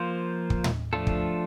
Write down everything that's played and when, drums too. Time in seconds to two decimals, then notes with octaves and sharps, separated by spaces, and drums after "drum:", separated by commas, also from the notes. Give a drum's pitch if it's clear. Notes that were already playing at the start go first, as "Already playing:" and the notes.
Already playing: F3 A#3 F4 C5
0.50 drum: kick
0.64 drum: tom
0.93 F3 A3 D4 F4 A4
1.07 drum: kick